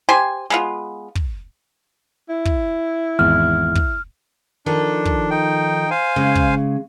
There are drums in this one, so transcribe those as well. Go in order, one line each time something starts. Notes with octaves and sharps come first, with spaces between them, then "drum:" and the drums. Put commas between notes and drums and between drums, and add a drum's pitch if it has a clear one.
G4 C5 G#5
G#3 B3 F4
drum: kick
E4
drum: kick
G#1 E2 F6
drum: kick
D#3 F3 D4 A4
drum: kick
D#4 G5
C5 F5 G#5
C#3 G#3
drum: kick